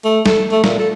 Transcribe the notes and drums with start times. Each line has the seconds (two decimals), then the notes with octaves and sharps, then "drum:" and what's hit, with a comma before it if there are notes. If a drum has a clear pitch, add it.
0.04 A3
0.26 A4, drum: snare
0.51 A3
0.64 A#2, drum: snare
0.79 A4